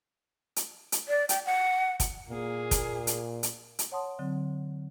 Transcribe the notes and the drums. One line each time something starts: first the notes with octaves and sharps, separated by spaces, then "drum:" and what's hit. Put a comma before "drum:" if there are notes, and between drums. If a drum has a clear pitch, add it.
drum: hi-hat
drum: hi-hat
D5
G5, drum: hi-hat
F#5
drum: kick, hi-hat
A#2 A#3 G#4
drum: kick, hi-hat
drum: hi-hat
drum: hi-hat
drum: hi-hat
C#5 F#5 A5 C6 D#6
D3 F#3 C4